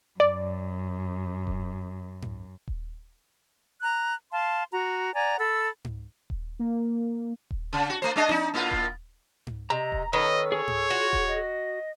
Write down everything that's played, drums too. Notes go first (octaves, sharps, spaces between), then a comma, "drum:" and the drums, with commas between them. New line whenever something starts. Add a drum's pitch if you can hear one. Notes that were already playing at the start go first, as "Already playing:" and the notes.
F#2 D5
drum: kick D#1
drum: tom G#2
drum: kick D#1
A#5 F#6
F5 A5 C6
F#4 A#5
D5 F#5 G#5 A#5
A4 B5 E6
drum: tom G#2
drum: kick D#1
A#3
drum: kick D#1
C#3
F#4
A3 C5
G#3 D4 D#5
D4 D#4, drum: tom C4
A2 A#3 F4
drum: kick D#1
drum: tom G#2
C3 D#5 A#5
drum: kick D#1
D#3 C#4 A4 B4 D#5
G#4 C#5
drum: tom G#2
F4 F#4
drum: kick D#1
D#5